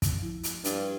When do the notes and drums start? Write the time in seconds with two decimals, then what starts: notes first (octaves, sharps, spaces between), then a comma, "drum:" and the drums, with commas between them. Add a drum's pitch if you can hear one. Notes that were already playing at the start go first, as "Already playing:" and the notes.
0.02 drum: kick, hi-hat
0.18 F3 E4
0.43 drum: hi-hat
0.64 G2, drum: hi-hat